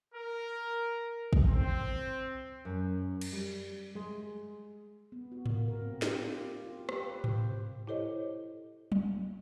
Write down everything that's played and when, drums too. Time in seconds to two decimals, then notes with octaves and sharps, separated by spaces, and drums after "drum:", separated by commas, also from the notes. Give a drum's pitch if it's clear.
0.14 A#4
1.33 drum: kick
1.49 C4
2.65 F#2
3.21 drum: cymbal
3.32 G3
3.95 G#3
5.12 B3
5.32 F#4
5.46 A#3, drum: tom G#2
5.68 A#4
5.82 C4
6.02 G4, drum: snare
6.22 F4
6.64 F4
6.89 G4, drum: rim click
7.02 B4
7.24 C5, drum: tom G#2
7.38 C3
7.87 E4 G4 A4 C5 C#5 D#5
8.92 drum: tom F#3